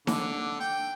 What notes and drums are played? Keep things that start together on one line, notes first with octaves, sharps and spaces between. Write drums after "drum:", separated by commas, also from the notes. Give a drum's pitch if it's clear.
D3, drum: snare D#4
G5